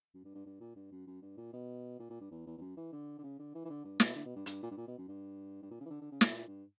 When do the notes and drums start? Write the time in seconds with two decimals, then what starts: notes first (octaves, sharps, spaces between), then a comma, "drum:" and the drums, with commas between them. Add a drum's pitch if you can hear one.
0.14 F#2
0.24 G2
0.35 G2
0.46 G2
0.60 A#2
0.76 G2
0.92 F#2
1.07 F#2
1.22 G2
1.37 A#2
1.53 B2
1.99 A#2
2.10 A#2
2.20 G2
2.31 E2
2.46 E2
2.57 E2
2.61 F#2
2.77 E3
2.92 D3
3.18 D3
3.24 C#3
3.39 D3
3.55 E3
3.65 E3
3.70 D3
3.84 G2
4.00 B2, drum: snare
4.15 D3
4.26 B2
4.36 G2
4.46 G2, drum: hi-hat
4.63 A#2
4.71 G2
4.77 A#2
4.88 B2
4.98 F#2
5.08 G2
5.62 G2
5.71 A#2
5.80 C#3
5.85 E3
5.90 D3
6.01 D3
6.12 C#3
6.21 B2, drum: snare
6.32 A#2
6.47 G2